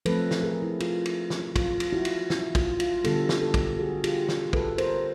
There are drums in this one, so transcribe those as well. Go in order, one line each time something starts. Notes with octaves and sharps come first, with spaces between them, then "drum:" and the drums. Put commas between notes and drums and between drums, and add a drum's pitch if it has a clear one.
F3 A3 C4 A4 B4, drum: cymbal
drum: snare
G#4 A#4
E4
F4, drum: cymbal
drum: cymbal
drum: snare
F4, drum: kick, cymbal
drum: cymbal
E4 F#4
drum: cymbal
E4, drum: snare
F4, drum: kick, cymbal
F4, drum: cymbal
D3 G3 B3 G4 A4, drum: cymbal
drum: snare
G4 A4
drum: kick, cymbal
F#4 G#4
F4 G4, drum: cymbal
drum: snare
A4 B4, drum: kick
A#4 C5, drum: cymbal